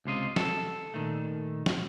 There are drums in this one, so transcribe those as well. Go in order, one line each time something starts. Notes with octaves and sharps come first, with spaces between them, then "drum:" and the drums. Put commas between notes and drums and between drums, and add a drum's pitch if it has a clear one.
C#2 C3 F4 D#5
A4, drum: snare
A#2 D#3 A3
drum: snare